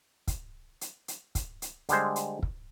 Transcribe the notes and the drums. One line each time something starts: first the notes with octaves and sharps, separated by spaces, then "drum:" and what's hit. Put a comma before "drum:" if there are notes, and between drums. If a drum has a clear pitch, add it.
drum: kick, hi-hat
drum: hi-hat
drum: hi-hat
drum: kick, hi-hat
drum: hi-hat
D3 G3 G#3 C5, drum: hi-hat
drum: hi-hat
drum: kick